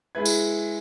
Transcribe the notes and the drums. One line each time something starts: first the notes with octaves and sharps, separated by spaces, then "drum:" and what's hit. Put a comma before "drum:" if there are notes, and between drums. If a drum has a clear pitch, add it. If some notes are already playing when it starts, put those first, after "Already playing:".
G#3 E4 B4 G#6
drum: tambourine